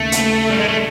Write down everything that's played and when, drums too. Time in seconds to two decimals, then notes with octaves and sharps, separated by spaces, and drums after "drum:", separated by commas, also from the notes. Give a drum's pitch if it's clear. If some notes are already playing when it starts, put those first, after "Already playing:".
Already playing: D#2 C#3 A3 A#3
0.12 drum: hi-hat
0.50 G3
0.60 G#3
0.68 A3